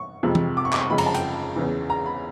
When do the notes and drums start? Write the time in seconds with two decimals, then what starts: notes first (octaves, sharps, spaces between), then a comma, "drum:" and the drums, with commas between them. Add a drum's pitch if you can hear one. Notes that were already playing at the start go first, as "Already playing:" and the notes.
Already playing: C#6
0.23 F2 C3 F3 G#3
0.35 drum: tom E3
0.57 D6
0.65 C#6
0.73 D6, drum: clap
0.81 C#6
0.90 F#1 F2 C#3 F3 G#3 B5
0.98 A#5, drum: cymbal
1.06 A5
1.15 G5, drum: hi-hat
1.56 E2 C#3 E3
1.90 A#5
2.06 B5